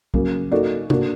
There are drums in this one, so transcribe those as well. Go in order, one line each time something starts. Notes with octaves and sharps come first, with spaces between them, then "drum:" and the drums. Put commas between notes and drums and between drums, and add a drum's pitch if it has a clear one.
C#3 F#3 A#3, drum: kick
A#3 D#4 F#4 A4 D5
A#3 D4 F#4, drum: tom C3